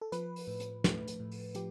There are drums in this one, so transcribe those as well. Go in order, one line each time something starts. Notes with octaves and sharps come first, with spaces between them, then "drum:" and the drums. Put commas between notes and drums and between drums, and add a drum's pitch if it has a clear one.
A4
F3 B4, drum: hi-hat
drum: open hi-hat
A2
drum: hi-hat
A3, drum: snare
drum: hi-hat
A2
drum: open hi-hat
F3 G4, drum: hi-hat